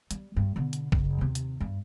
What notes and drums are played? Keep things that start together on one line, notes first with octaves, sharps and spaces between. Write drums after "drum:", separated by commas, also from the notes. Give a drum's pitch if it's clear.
G3, drum: hi-hat
G2
B2 D3
drum: hi-hat
F#1, drum: kick A1
D#2 C3
drum: hi-hat
G2